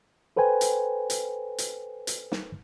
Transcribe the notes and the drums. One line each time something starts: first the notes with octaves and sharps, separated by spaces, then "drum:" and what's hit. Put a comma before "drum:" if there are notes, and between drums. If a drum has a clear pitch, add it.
A4 B4 C5 G5 G#5
drum: hi-hat
drum: hi-hat
drum: hi-hat
drum: hi-hat
drum: snare